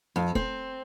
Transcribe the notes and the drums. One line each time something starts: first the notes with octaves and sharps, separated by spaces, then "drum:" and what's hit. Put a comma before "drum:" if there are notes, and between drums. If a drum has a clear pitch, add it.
F2
C4, drum: kick F1